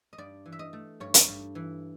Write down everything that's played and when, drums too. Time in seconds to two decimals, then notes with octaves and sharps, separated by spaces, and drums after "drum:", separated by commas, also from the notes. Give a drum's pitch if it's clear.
0.13 D#5
0.18 G2 D5
0.46 E3
0.52 E5
0.59 D#5
0.73 A3
1.00 G2 C#5
1.14 drum: hi-hat
1.28 G2
1.55 E3